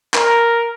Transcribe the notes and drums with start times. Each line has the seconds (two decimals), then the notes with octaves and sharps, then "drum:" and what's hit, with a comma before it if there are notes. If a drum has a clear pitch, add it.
0.14 A#4, drum: clap